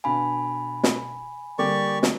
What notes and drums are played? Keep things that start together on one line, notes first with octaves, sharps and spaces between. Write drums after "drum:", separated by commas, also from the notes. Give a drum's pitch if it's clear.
B2 D4 F5 G#5 B5
drum: snare
D3 G3 A#3 G4 D5 C#6
drum: snare